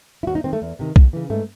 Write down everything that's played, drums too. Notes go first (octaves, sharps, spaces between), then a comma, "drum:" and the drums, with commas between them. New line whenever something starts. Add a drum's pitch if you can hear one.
E4
D#2 F#4
D#4
D#3 C4
A3
E2
C3 D#3
D#2, drum: kick
C#3 E3
G#2 A3